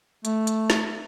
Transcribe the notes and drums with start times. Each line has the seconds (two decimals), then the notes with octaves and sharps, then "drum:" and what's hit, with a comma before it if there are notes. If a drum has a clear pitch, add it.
0.25 A3, drum: hi-hat
0.47 drum: hi-hat
0.70 drum: snare